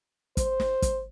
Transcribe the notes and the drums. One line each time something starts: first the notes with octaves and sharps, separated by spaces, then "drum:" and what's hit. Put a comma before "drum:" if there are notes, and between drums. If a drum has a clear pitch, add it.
C5, drum: kick, hi-hat
drum: snare
drum: kick, hi-hat